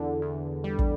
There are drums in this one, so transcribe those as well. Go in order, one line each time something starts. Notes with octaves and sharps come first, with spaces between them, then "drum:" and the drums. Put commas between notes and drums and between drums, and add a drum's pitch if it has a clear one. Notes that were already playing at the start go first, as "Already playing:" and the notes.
Already playing: E2 D3
E2
G3
drum: kick